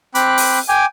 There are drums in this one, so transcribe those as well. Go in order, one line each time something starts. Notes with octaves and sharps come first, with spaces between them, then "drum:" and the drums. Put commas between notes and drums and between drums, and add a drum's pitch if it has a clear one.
C4 B5 D6 F#6, drum: hi-hat
drum: open hi-hat
G5 G#5 D6